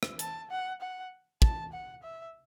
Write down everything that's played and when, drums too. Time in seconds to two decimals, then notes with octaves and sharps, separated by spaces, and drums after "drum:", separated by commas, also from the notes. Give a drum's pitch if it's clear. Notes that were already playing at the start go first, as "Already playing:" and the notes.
0.03 drum: rim click
0.19 A5, drum: hi-hat
0.50 F#5
0.81 F#5
1.42 A5, drum: kick
1.73 F#5
2.03 E5